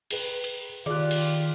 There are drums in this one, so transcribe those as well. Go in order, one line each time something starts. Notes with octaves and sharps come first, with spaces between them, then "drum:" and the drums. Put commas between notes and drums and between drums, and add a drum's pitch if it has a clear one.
G#4 B4, drum: cymbal
drum: cymbal
D#3 F4 G4 G#4 D5 F#6
drum: cymbal